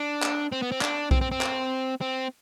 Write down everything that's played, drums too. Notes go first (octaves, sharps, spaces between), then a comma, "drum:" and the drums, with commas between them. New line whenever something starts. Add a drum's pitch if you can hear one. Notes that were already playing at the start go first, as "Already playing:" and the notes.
Already playing: D4
drum: clap
C4
B3
C4
D4, drum: clap
C4, drum: kick B1
C4
C4
drum: clap
C4